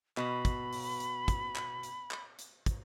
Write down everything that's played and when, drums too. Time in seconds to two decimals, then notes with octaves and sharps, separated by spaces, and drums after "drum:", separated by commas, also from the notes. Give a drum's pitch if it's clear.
0.17 B2 B5, drum: clap
0.45 drum: kick, hi-hat
0.73 drum: open hi-hat
1.00 drum: hi-hat
1.28 drum: kick, hi-hat
1.56 drum: clap
1.83 drum: hi-hat
2.11 drum: clap
2.39 drum: hi-hat
2.66 drum: kick, hi-hat